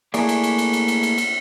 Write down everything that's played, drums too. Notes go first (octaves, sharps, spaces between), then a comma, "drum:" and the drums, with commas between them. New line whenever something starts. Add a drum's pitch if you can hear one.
A3 A#3 E4 G#4 C#5 D5, drum: cymbal
drum: cymbal
drum: cymbal
drum: cymbal
drum: cymbal
drum: cymbal
drum: cymbal
drum: cymbal